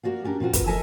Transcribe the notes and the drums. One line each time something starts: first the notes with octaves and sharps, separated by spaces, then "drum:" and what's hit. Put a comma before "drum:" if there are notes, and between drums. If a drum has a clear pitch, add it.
A#3 F#4 D5 F5
C#4 D4 G4 A#4
A#2 C4 F4 F#4
B2 A#4 B4, drum: kick, hi-hat
A4 A#4 D#5 E5 G#5 A5